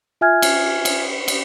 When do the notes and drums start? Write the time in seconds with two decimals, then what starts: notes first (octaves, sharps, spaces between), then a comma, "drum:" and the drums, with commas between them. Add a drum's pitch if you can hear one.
0.21 F4 E5 G#5 F6 G#6
0.42 drum: cymbal
0.85 drum: cymbal
1.28 drum: cymbal